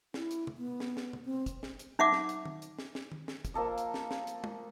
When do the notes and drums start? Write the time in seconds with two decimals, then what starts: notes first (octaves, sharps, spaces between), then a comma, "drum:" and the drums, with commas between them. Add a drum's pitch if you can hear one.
0.14 E4, drum: snare
0.31 drum: hi-hat
0.47 drum: tom
0.58 B3
0.80 drum: snare
0.97 drum: snare
1.13 drum: tom
1.25 C4
1.46 drum: kick, hi-hat
1.63 drum: snare
1.79 drum: hi-hat
1.99 D#4 E5 F#5 D6
2.12 drum: snare
2.29 drum: hi-hat
2.45 drum: tom
2.62 drum: hi-hat
2.79 drum: snare
2.95 drum: snare
3.12 drum: tom
3.28 drum: snare
3.45 drum: kick, hi-hat
3.54 F3 A#3 A4 D#5
3.78 drum: hi-hat
3.94 drum: snare
4.11 drum: snare
4.27 drum: hi-hat
4.44 drum: tom